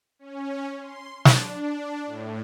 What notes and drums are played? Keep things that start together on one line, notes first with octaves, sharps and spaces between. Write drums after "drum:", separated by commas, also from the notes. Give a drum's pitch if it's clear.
C#4
C6
D4, drum: snare
A2